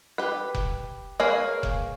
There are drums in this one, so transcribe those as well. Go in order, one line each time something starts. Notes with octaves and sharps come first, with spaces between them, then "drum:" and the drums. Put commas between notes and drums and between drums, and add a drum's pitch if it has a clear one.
G4 B4
drum: kick F1
A#3 G#4 B4 C#5 F5
drum: kick F1